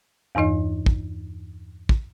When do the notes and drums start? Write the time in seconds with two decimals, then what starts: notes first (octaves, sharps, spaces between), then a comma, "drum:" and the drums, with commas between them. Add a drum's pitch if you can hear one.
0.35 E2 G2 E3 D#4 D#5
0.86 drum: kick
1.89 drum: kick